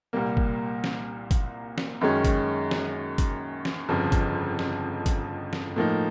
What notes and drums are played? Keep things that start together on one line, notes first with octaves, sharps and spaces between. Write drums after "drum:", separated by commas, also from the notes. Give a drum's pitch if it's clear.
C2 A#2 G3 A#3
drum: kick G1
drum: snare
drum: kick G1, hi-hat
drum: snare
F#2 D#3 G#3 C#4
drum: kick G1, hi-hat
drum: snare
drum: kick G1, hi-hat
drum: snare
G1 F2 C#3 F3
drum: kick G1, hi-hat
drum: snare
drum: kick G1, hi-hat
drum: snare
A2 F3 A#3 D#4